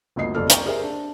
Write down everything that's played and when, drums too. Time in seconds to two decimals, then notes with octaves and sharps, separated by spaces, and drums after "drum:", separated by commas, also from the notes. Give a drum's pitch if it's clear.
0.16 G1 D2 A#3 D#5 C7
0.35 F#1 C2 F2 A4 D5 F6
0.50 D5 G5 A#5 C#6, drum: hi-hat
0.66 G4 G#4 A#4 C5 E5 G#5
0.84 D4